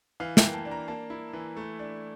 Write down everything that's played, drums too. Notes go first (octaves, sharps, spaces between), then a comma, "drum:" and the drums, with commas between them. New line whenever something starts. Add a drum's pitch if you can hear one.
E3 F5
G5, drum: snare
A#3
A5
D4
A#5
A#3 A5
E4
E3
A3
D4